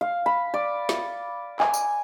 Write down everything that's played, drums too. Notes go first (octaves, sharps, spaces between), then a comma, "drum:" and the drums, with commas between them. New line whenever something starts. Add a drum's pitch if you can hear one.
F5
B5
D5
drum: snare
G#5, drum: clap
drum: tambourine